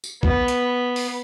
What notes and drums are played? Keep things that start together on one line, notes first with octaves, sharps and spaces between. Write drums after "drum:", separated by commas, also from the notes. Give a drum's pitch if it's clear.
drum: tambourine
B3, drum: kick B1
drum: hi-hat
drum: open hi-hat